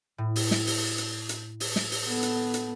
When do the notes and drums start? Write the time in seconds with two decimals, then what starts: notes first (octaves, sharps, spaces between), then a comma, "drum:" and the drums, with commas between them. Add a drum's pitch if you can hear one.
0.18 A2
0.36 drum: open hi-hat
0.51 drum: snare
0.67 drum: open hi-hat
0.98 drum: hi-hat
1.29 drum: hi-hat
1.60 drum: open hi-hat
1.76 drum: snare
1.91 drum: open hi-hat
2.07 B3 A4
2.23 drum: hi-hat
2.54 drum: hi-hat